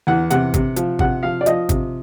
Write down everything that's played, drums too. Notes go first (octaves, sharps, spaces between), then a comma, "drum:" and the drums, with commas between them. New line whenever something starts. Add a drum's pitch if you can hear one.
E2 F#5
C3 F#5, drum: hi-hat
C3, drum: kick G#1, hi-hat
F3, drum: hi-hat
C3 F#5, drum: kick G#1
F3 F5
D5
F3 D#5, drum: hi-hat
C3, drum: kick G#1, hi-hat